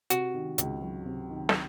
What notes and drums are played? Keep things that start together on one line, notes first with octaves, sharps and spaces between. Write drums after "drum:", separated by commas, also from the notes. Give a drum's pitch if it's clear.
C3 F#4, drum: hi-hat
D#3
C#2, drum: hi-hat
F#3
C3
D#3
A4, drum: snare